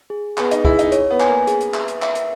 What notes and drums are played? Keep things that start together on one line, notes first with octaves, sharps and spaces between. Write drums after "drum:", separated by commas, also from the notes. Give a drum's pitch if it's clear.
G#4
B3 G#4, drum: clap
D#4, drum: hi-hat
E4 G#4, drum: kick C#2
D#4, drum: hi-hat
C#5, drum: hi-hat
B3
G#5, drum: clap
A#3
G#4, drum: hi-hat
drum: hi-hat
E5, drum: clap
drum: hi-hat
E5, drum: clap
drum: hi-hat